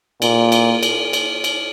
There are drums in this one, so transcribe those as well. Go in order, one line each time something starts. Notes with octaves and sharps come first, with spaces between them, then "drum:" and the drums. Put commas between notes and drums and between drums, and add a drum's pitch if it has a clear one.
A#2, drum: cymbal
drum: cymbal
drum: cymbal
drum: cymbal
drum: cymbal